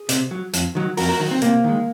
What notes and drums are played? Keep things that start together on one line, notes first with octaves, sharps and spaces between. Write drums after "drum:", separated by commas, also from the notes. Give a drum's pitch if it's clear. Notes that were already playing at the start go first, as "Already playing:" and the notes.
Already playing: G#4
C3, drum: hi-hat
F#3
F2, drum: hi-hat
D#3 F#3
F2 F#4 A#4, drum: open hi-hat
F#4 A#4
D#3 F#3
C4
C3 A#3, drum: hi-hat
D#3 G#3